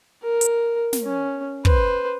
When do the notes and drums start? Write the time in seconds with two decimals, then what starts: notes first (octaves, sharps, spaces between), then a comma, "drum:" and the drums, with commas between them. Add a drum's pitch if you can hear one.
0.23 A#4
0.41 drum: hi-hat
0.93 drum: snare
1.03 C#4
1.65 B4 C5, drum: kick